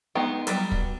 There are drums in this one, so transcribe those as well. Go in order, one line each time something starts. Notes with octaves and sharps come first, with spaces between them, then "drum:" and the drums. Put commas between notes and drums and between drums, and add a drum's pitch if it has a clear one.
G#3 B3 D#4 G5
F#3 G3 B3, drum: hi-hat
drum: kick